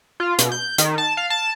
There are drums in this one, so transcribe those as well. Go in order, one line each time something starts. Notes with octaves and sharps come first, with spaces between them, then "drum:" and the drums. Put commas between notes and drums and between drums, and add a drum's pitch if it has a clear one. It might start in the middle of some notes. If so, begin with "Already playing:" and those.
F4
B2, drum: hi-hat
G6
D#3, drum: hi-hat
A5
F5
A5